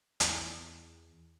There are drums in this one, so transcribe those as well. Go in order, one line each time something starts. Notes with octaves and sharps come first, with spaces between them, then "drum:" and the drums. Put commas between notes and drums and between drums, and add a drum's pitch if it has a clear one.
E2, drum: hi-hat